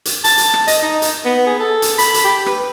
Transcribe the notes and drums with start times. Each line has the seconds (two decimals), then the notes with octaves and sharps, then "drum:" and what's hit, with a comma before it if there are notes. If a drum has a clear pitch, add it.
0.05 drum: hi-hat
0.24 A5, drum: hi-hat
0.38 drum: hi-hat
0.54 drum: rim click
0.68 D#5, drum: hi-hat
0.82 D#4
1.02 drum: hi-hat
1.25 B3
1.46 G#4
1.59 A4
1.82 drum: hi-hat
1.99 B5, drum: hi-hat
2.14 drum: hi-hat
2.24 G4
2.46 B4, drum: rim click